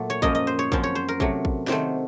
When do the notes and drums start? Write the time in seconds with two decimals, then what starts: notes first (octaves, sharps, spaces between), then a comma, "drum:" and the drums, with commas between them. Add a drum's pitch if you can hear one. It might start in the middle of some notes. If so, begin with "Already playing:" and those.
Already playing: A#2 F#3 A3
0.10 C#5
0.22 F#2 F3 A#3 D#5, drum: kick
0.35 D#5
0.47 C5
0.59 C#5
0.72 F#2 F3 C4, drum: kick
0.83 C#5
0.95 C5
1.08 A#4
1.20 C3 F#3 A3, drum: kick
1.45 drum: kick
1.67 C3 D#3 F#3 A3 C4, drum: snare